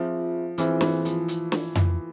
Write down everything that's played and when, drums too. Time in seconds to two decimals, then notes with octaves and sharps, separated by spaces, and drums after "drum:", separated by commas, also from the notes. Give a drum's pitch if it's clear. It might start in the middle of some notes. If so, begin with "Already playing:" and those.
Already playing: F3 C4 F4 G#4 C5 E5
0.58 E3 C4 F4 G#4 C5 E5, drum: hi-hat
0.81 E3, drum: snare
1.05 F3, drum: hi-hat
1.28 drum: hi-hat
1.52 drum: snare
1.75 drum: tom F2